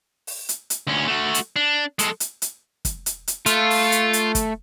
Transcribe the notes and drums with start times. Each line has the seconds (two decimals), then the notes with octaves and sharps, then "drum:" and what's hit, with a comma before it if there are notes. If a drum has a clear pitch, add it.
0.27 drum: open hi-hat
0.49 drum: hi-hat
0.70 drum: hi-hat
0.87 D2 C#4
1.08 A3 F#4
1.34 drum: hi-hat
1.56 D4
1.99 G#3 A4, drum: hi-hat
2.20 drum: hi-hat
2.42 drum: hi-hat
2.85 drum: kick, hi-hat
3.06 drum: hi-hat
3.28 drum: hi-hat
3.46 A3 F4, drum: hi-hat
3.70 drum: open hi-hat
3.92 drum: hi-hat
4.13 drum: hi-hat
4.35 drum: kick, hi-hat